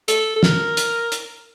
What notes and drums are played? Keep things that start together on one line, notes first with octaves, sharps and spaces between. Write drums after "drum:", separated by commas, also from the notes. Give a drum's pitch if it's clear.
A4, drum: hi-hat
A4
A#4, drum: snare
drum: hi-hat
drum: hi-hat